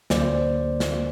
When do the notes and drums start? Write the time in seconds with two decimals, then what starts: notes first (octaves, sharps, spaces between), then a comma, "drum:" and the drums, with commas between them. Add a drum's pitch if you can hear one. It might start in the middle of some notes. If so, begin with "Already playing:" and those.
0.10 D2 D3 F#3 A#3 C5 D5, drum: snare
0.80 drum: snare